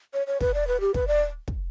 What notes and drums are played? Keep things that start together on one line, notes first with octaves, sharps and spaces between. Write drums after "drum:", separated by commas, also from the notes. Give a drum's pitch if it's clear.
C#5
C#5
B4, drum: kick
D5
B4
G4
B4, drum: kick
D5
drum: kick